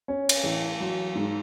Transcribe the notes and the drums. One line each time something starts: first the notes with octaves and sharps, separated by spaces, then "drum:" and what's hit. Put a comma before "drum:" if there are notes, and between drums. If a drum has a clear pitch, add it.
C#4
drum: cymbal
A1
F#3
G#2